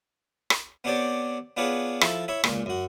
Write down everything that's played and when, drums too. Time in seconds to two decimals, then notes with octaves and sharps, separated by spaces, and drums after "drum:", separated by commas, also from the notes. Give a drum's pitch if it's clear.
0.50 drum: rim click
0.84 B3 C4 D4 G4 C#5 D5
1.57 B3 D4 F4 G#4 B4 C#5
2.01 F3 E4 A4, drum: rim click
2.28 E4 C#5 E5
2.44 C#2 A#2, drum: rim click
2.66 F#2 F#4